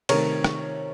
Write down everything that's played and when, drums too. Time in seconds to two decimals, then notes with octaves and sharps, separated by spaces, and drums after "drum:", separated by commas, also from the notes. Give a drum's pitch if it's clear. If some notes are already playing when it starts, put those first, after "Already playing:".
0.09 C3 D#3 A3 A#4 C#5, drum: cymbal
0.44 drum: rim click